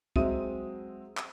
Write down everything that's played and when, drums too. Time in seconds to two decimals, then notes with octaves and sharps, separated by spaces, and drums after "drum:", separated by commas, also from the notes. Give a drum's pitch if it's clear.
0.16 F#3 G#3 C4 E5 D#6 D#7, drum: kick
1.17 drum: clap